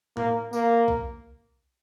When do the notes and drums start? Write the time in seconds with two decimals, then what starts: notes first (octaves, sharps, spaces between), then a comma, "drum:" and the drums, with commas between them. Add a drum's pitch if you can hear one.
0.17 A#3, drum: tom
0.53 A#3, drum: tambourine
0.88 drum: kick B1